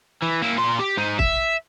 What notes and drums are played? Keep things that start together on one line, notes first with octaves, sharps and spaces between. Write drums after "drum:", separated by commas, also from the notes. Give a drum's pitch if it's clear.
E3
A#3 E4
A#2 C6
G4
G#2 D#4
E5, drum: kick